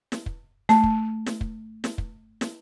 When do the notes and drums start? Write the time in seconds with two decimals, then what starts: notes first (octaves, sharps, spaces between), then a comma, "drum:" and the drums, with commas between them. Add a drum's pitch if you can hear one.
0.12 drum: snare
0.26 drum: kick
0.69 A3 A5, drum: snare
0.83 drum: kick
1.26 drum: snare
1.41 drum: kick
1.84 drum: snare
1.98 drum: kick
2.41 drum: snare